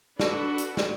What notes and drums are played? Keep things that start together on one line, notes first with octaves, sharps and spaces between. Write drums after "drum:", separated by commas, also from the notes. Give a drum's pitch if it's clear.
D4 F#4 A4 B4, drum: snare
drum: hi-hat
drum: snare